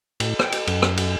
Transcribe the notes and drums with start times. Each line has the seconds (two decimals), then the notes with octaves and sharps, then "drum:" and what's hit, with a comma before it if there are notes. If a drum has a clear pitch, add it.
0.20 A2, drum: cymbal
0.39 G5, drum: rim click
0.52 drum: cymbal
0.67 F#2, drum: cymbal
0.82 drum: rim click
0.97 drum: cymbal